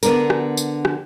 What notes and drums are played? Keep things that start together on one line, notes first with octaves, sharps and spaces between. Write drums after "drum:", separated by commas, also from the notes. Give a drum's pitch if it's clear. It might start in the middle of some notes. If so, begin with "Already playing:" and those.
D3 B3 D4 A#4, drum: tambourine
drum: rim click
drum: tambourine
drum: rim click